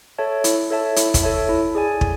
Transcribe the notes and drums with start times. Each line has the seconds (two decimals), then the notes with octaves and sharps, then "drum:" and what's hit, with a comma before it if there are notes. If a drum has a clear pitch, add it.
0.18 A4 C#5 E5 A5
0.44 E4, drum: hi-hat
0.71 A4 C#5 E5 A5
0.96 E4, drum: hi-hat
1.14 drum: kick, hi-hat
1.23 A4 C#5 E5 A5
1.49 E4
1.75 G#4 D5 G#5
2.01 drum: kick